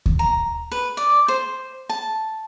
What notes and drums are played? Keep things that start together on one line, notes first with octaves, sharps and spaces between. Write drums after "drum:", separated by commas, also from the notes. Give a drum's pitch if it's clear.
drum: kick D2
A#5
B4
D5
C5
A5